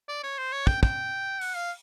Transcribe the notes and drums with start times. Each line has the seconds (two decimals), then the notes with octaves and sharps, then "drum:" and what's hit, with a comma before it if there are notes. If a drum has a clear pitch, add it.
0.08 D5
0.23 C#5
0.38 C5
0.52 C#5
0.67 G5, drum: kick
0.83 G5, drum: kick
1.41 F#5, drum: open hi-hat
1.56 F5